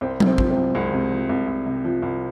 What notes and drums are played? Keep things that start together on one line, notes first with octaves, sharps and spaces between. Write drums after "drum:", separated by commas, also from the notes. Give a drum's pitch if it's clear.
C2 C4
C3, drum: tom F#3
C4
F3, drum: kick
C4
C2
C2 G#3
C3
F3
C2
C2
C3
F3
C2